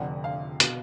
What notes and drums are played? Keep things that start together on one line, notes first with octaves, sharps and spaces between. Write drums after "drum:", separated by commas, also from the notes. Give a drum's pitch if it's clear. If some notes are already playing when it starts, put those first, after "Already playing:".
Already playing: F1 F2 D3 F#5
F5
B2, drum: hi-hat